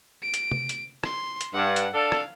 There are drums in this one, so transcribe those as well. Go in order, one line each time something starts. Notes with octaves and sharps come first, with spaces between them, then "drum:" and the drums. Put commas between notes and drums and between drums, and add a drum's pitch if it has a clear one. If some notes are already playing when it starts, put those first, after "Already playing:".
D7
drum: hi-hat
drum: tom C3
drum: hi-hat
C6, drum: rim click
drum: hi-hat
G2 F#5
drum: hi-hat
D4 A4 F5
drum: rim click